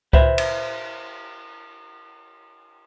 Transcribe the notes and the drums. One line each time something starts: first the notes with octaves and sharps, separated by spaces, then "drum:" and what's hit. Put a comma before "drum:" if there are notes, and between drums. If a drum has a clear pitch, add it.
B4 C5 E5, drum: kick C#2
drum: cymbal